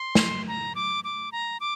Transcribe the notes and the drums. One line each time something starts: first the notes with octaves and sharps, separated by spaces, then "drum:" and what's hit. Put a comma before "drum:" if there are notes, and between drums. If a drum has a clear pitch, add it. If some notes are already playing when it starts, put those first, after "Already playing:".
Already playing: C6
drum: snare
A#5
D6
D6
A#5
D6